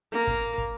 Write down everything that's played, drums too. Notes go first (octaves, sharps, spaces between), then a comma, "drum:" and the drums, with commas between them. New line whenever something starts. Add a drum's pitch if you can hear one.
A#3
drum: kick
drum: kick